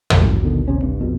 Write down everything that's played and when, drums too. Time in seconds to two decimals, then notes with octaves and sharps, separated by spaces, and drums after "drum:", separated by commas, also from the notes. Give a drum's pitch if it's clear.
0.10 drum: tom
0.21 A1 G2 F#3
0.43 B2 D3 D#3
0.68 D#1 C3 C#4
0.82 C2 G2
1.00 A#1 F2 B2